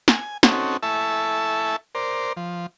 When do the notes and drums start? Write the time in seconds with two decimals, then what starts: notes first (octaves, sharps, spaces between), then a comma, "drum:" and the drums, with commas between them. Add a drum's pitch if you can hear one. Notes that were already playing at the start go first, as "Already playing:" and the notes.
0.08 G#5, drum: snare
0.43 C4 C#4 D#4 F#4 A4, drum: snare
0.83 E4 A4 E5 G#5 A5 C#6
1.95 A#4 C5 D5
2.37 F3